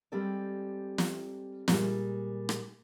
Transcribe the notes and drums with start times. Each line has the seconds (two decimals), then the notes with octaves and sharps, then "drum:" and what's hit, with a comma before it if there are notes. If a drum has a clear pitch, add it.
0.12 G3 G#3 C4 G4 A4 D5
0.98 drum: snare
1.68 A#2 G3 G#3, drum: snare
2.49 drum: rim click